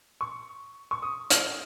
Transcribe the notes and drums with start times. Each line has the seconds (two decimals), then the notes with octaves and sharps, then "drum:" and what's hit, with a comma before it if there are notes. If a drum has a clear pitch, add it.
0.21 C#6
0.91 C#6
1.02 D#6
1.30 F6, drum: hi-hat